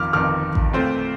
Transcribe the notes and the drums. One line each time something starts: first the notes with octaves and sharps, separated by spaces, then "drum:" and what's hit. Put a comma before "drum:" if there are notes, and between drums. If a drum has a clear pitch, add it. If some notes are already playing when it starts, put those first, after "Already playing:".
Already playing: G1 F2 D#3 D6 F6
G1 F2 D#3 D6 F6
drum: kick A1
A#2 A3 C4 F4